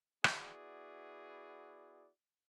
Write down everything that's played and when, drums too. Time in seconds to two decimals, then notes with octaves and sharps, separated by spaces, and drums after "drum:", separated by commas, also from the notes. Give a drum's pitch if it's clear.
0.24 B3 E4 F#4 G#4 D5, drum: rim click